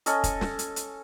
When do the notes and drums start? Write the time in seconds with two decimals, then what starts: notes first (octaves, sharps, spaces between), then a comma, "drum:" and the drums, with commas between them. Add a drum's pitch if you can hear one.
0.06 C#4 A4 D#5 E6, drum: hi-hat
0.24 drum: kick, hi-hat
0.41 drum: snare
0.59 drum: hi-hat
0.76 drum: hi-hat